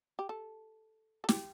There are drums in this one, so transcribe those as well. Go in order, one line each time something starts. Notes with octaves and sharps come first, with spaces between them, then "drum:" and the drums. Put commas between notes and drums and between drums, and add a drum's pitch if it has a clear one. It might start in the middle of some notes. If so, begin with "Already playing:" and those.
G4
A4
A4
G4, drum: snare